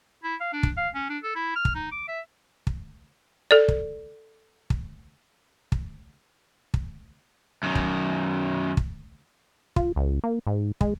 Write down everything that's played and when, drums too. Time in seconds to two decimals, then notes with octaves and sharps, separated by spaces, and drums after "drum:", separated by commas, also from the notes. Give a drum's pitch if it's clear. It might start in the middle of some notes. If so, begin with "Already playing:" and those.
0.23 E4
0.40 F5
0.53 D4
0.63 drum: kick
0.77 F5
0.95 C#4
1.09 D4
1.23 A4
1.35 E4
1.56 F6
1.65 drum: kick
1.75 D#4
1.92 D6
2.08 E5
2.67 drum: kick
3.51 A4 D5
3.68 drum: kick
4.70 drum: kick
5.72 drum: kick
6.74 drum: kick
7.63 F#2 D#3
7.75 drum: kick
8.77 drum: kick
9.76 F4, drum: kick
9.96 C#2
10.24 A#3
10.47 G#2
10.81 G#3, drum: kick